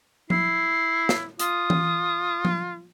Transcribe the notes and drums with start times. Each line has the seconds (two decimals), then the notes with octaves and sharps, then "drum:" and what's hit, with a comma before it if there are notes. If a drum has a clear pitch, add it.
0.30 E4 C7, drum: tom F3
1.09 drum: snare
1.39 F4 D#6, drum: hi-hat
1.70 drum: tom E3
2.45 drum: tom F3